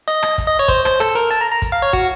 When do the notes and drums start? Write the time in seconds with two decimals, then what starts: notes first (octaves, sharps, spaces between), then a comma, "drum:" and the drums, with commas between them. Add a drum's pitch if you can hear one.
0.08 D#5, drum: hi-hat
0.23 drum: rim click
0.38 drum: kick, hi-hat
0.48 D#5
0.59 C#5
0.68 C5, drum: kick, hi-hat
0.85 C5, drum: rim click
1.00 A4, drum: rim click
1.15 A#4, drum: hi-hat
1.31 A5, drum: hi-hat
1.41 A#5
1.51 A#5
1.62 drum: kick, hi-hat
1.72 F5
1.82 C#5
1.93 F#4, drum: kick